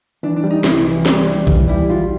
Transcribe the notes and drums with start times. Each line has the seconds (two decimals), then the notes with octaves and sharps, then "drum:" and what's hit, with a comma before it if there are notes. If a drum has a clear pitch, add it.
0.23 E3 D4
0.36 D4
0.44 G3
0.50 D#4
0.64 C2 E4, drum: snare
0.85 E3
1.06 G3, drum: snare
1.27 G3
1.47 E3, drum: kick A#1
1.68 G3 E4
1.89 F4 F#4